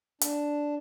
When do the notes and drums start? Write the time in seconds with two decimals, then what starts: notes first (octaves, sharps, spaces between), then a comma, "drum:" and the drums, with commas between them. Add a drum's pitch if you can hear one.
0.21 D4, drum: hi-hat